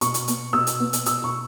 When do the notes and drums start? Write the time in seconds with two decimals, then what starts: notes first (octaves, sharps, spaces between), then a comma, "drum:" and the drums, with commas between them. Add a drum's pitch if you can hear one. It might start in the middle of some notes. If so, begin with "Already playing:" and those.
0.01 B2 C#6, drum: hi-hat
0.14 drum: hi-hat
0.28 B3, drum: hi-hat
0.53 B2 E6
0.67 drum: hi-hat
0.80 B3
0.93 drum: hi-hat
1.06 B2 E6, drum: hi-hat
1.24 C#6